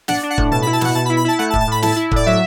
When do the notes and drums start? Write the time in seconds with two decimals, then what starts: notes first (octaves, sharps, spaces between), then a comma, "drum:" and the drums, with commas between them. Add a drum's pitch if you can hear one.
0.08 D4 F#5, drum: snare
0.23 D4
0.30 F#5
0.38 A2, drum: kick
0.51 B2 A5
0.62 B5
0.66 E4
0.73 A5
0.81 B2 F#5, drum: snare
0.95 B2 A5
1.05 B5
1.09 E4
1.17 B5
1.25 E4 A5
1.39 A3 F#5
1.50 A5
1.54 A2, drum: kick
1.61 A5
1.67 A2 B5
1.83 E4 A5, drum: snare
1.96 E4
2.11 A2 D5, drum: kick
2.26 F#3 E5